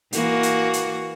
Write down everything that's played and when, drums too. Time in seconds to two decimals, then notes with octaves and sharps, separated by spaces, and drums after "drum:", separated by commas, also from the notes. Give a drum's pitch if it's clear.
0.13 E3 A#3 F#4, drum: hi-hat
0.43 drum: hi-hat
0.73 drum: hi-hat